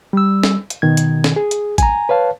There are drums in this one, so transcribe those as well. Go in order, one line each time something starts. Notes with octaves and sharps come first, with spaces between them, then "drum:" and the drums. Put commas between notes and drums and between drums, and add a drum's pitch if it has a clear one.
G3 E6
drum: snare
drum: hi-hat
B2 D#3 G#6
drum: hi-hat
drum: snare
G#4
drum: hi-hat
G#5 A#5, drum: kick, hi-hat
B4 C#5 F5 A5